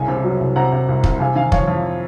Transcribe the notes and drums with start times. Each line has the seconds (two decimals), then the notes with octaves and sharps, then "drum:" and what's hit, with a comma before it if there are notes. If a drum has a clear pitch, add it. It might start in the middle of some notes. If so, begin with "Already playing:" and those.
Already playing: C2 C#3 G#5
0.08 C3
0.24 F#3
0.41 C2
0.56 C3 F#5 A#5
0.72 C3
0.89 C2
1.04 C2, drum: kick
1.20 C3 F5 G#5
1.36 D#3 F5 G#5
1.52 F2 C#5 F5, drum: kick
1.68 F2